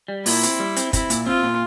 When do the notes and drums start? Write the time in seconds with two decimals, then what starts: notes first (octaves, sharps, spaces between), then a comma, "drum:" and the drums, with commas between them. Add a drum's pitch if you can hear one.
0.08 G3
0.26 A#2 E4, drum: open hi-hat
0.43 C4, drum: hi-hat
0.60 G3
0.76 C4, drum: hi-hat
0.93 C4 E4, drum: kick, hi-hat
1.10 A#2, drum: hi-hat
1.26 C4 F4
1.43 A#2